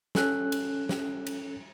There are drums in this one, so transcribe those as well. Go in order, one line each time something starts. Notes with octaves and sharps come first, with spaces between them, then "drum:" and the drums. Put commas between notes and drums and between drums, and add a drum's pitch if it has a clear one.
C#4 A4 F#6, drum: snare
drum: cymbal
drum: snare
drum: cymbal